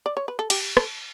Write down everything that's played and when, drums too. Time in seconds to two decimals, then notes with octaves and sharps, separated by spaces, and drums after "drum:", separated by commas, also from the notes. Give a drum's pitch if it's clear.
0.06 D5
0.17 C#5
0.28 B4
0.39 A4
0.50 G4, drum: cymbal
0.77 A4, drum: rim click